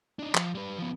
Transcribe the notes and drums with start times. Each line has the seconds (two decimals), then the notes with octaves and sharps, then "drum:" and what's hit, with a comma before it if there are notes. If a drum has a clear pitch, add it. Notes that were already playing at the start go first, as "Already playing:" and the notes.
0.19 D4 D#4
0.35 F3, drum: clap
0.55 G3 B4
0.78 F3 B3